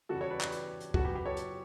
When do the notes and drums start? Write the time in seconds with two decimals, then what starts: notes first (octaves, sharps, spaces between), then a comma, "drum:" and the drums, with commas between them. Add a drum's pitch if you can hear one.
0.09 E2 C#3 G3 F#4 A4
0.21 A4 C#5
0.30 B4 D5
0.41 G4 B4, drum: clap
0.52 drum: hi-hat
0.80 drum: hi-hat
0.94 F#2 C#3 F#3 B3 F#4 A4, drum: kick
1.04 G4 B4
1.15 G4 B4
1.26 A4 C#5
1.37 drum: hi-hat